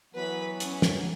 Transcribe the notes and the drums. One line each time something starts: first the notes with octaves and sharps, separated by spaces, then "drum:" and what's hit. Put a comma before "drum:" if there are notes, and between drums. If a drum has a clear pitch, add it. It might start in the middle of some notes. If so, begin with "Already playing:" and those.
E3 F#3 B3 B4 B5
C#4, drum: hi-hat
drum: snare